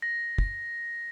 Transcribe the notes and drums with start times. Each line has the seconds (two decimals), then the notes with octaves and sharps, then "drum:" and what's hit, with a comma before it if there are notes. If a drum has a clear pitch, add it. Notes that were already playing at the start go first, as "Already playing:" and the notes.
0.02 A#6
0.38 drum: kick